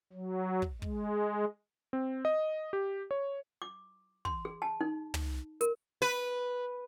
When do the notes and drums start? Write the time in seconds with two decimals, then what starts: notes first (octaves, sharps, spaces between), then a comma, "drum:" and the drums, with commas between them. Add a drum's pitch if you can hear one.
0.13 F#3
0.62 drum: kick
0.82 G#3, drum: kick
1.93 C4
2.25 D#5
2.73 G4
3.11 C#5
3.62 D6
4.25 C6, drum: kick
4.45 G#4
4.62 A5
4.81 D#4
5.14 drum: tom
5.61 A#4, drum: hi-hat
6.02 B4